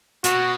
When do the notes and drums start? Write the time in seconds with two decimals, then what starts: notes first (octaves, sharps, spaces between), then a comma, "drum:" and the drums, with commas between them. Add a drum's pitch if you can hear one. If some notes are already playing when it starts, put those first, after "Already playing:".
0.24 B2 F#4, drum: hi-hat